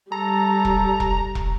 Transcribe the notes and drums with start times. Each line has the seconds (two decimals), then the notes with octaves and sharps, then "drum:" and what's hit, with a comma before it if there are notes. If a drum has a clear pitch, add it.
0.12 G3 A4 A#5
0.65 drum: kick E1
1.00 drum: kick E1
1.35 drum: kick E1